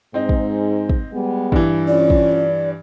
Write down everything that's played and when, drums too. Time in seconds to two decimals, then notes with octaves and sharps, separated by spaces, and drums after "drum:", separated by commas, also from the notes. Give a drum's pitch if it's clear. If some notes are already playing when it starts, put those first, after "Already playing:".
0.14 G#2 C4 D#4
0.29 drum: kick
0.89 drum: kick
1.13 G3 G#3 B3
1.52 G2 E3, drum: kick
1.88 C#4 F4 D5
2.10 drum: kick